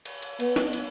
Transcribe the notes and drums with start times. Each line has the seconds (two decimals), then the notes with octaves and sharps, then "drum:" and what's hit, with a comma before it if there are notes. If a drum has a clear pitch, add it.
0.05 drum: cymbal
0.22 drum: cymbal
0.40 B3, drum: cymbal
0.56 drum: snare
0.73 drum: cymbal